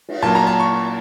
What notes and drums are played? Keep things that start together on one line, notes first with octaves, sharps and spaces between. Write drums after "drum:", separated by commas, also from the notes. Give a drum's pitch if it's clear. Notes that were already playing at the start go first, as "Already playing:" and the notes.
drum: cymbal
A#2 F#3 A#3 A5
A#5
A5
C#6